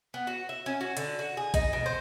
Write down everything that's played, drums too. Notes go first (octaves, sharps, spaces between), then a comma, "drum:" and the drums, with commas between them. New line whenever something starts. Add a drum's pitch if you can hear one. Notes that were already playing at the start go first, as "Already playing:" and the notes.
B3
F#4
E5
C#4
F#4
D3, drum: hi-hat
F#4
G#4
D#4, drum: kick A#1, hi-hat
B2
C5